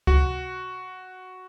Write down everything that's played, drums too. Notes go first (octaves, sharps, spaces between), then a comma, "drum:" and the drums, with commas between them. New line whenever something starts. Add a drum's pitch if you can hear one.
F#4, drum: kick C#2